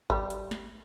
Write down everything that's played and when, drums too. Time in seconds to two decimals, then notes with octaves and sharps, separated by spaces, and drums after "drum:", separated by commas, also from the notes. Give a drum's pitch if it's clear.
0.10 G3, drum: kick G#1
0.30 drum: hi-hat
0.51 drum: snare